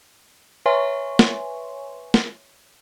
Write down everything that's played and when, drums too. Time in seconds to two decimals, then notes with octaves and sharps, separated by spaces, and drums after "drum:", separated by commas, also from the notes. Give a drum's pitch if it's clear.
0.66 B4 C#5 E5 G#5 C6 C#6
1.19 drum: snare
2.14 drum: snare